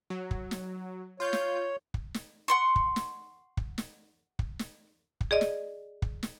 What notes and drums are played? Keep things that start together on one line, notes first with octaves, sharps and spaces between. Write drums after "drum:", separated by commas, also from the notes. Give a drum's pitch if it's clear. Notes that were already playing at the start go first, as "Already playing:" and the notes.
F#3
drum: kick
drum: snare
F4 C#5 G6
drum: snare
drum: kick
drum: snare
F#5 C6 C#6
drum: kick
drum: snare
drum: kick
drum: snare
drum: kick
drum: snare
drum: kick
G#4 D5 D#5
drum: snare
drum: kick
drum: snare